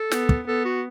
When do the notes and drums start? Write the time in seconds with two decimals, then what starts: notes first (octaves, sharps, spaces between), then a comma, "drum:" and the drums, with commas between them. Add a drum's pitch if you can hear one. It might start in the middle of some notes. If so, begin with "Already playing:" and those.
Already playing: A4
0.11 B3, drum: snare
0.29 drum: kick
0.47 B3 A4
0.65 F#4